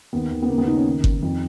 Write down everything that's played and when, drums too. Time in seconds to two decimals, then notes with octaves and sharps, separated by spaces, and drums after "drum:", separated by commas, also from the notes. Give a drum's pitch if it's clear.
0.13 D#2 B3
0.31 D#2
0.42 B3
0.49 C#3 A#3
0.58 B3
0.67 C#3 D#4
0.77 C#4
0.86 D#3
1.04 D#3, drum: kick G1
1.22 F2